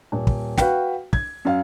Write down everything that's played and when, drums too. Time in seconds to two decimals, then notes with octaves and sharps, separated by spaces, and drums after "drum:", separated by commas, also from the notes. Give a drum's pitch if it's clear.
0.12 D#1
0.27 drum: kick
0.58 F#4 B4 F5 G5, drum: snare
1.13 G#6, drum: kick
1.45 F#2 F5